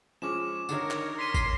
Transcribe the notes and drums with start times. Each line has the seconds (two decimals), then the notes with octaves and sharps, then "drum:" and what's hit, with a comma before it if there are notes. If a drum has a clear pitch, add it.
0.22 F3 G#3 C#4 D6 E7
0.69 D3 D#3 D#4 A#4 C#5, drum: tambourine
0.91 drum: clap
1.19 C6 B6 D#7
1.34 drum: kick, tambourine